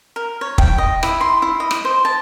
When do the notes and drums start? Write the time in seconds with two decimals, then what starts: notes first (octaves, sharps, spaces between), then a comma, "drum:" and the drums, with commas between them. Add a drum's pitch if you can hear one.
0.16 A#4
0.41 C#5
0.58 G5, drum: kick
0.78 D#5
1.03 E4, drum: rim click
1.21 C6
1.42 E4
1.60 D#5
1.71 drum: rim click
1.85 C5
2.05 A5